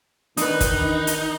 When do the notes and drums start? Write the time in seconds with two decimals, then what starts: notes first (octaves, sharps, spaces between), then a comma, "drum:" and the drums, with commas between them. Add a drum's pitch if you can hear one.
0.37 D#3 E3 D4 D#4 B4 D6 D#6, drum: hi-hat
0.61 drum: kick, hi-hat
1.07 drum: hi-hat